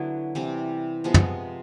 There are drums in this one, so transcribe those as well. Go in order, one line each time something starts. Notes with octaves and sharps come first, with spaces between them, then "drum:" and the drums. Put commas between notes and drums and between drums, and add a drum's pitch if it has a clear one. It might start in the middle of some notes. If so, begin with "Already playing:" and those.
Already playing: D3 F#3 B3 E4
C3 E3 G3 C4
C3 F3 G#3 B3
drum: tom